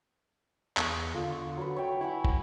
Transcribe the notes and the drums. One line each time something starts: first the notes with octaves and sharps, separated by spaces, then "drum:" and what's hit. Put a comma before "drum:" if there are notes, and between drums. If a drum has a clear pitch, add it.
E2 A5 C#6 D#6, drum: clap
D3 F4
F#3 B4
C#5 E5 G5
E4 C#5 F#5 G#5
drum: kick